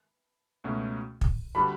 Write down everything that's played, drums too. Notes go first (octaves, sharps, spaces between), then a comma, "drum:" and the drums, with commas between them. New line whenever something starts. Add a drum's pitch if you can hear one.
C#2 B2 A3 C#4 F#4
drum: kick
D3 G3 D4 F#4 B5